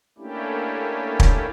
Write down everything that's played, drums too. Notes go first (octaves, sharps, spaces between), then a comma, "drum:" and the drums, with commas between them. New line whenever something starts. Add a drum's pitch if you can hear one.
A3 A#3 C#4 D4 E4 G4
drum: kick